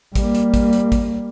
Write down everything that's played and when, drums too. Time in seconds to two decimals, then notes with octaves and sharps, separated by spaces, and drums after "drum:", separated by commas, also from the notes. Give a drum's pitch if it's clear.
0.15 G3 A#3, drum: kick A1, hi-hat
0.35 drum: hi-hat
0.54 drum: kick A1, hi-hat
0.73 drum: hi-hat
0.92 drum: kick A1, hi-hat